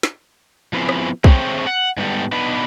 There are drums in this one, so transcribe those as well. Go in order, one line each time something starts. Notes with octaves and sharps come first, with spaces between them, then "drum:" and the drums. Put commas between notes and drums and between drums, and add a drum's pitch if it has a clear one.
drum: snare
F3 B3 C4 E4 G#4
drum: rim click
A3 C4 G#4 C5 C#5 G5, drum: kick
F#5
G#2 G3 B3 E4 G4 A4
B3 D4 D#4 B4